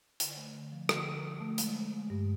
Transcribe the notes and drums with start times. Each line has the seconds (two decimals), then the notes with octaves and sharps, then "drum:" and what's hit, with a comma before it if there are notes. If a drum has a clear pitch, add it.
0.20 D3, drum: hi-hat
0.37 A3
0.54 D3
0.72 F3
0.89 D3, drum: rim click
1.06 D3
1.24 F3
1.41 A3
1.58 G#3, drum: hi-hat
1.75 G#3
1.93 G#3
2.10 G2